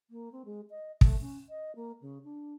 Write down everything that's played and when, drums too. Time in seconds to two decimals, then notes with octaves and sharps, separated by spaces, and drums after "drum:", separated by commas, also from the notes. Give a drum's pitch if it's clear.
0.10 A#3
0.32 C4
0.45 G#3
0.70 D#5
1.01 A3, drum: kick
1.21 C#4
1.49 D#5
1.75 A#3
2.01 C#3
2.24 D4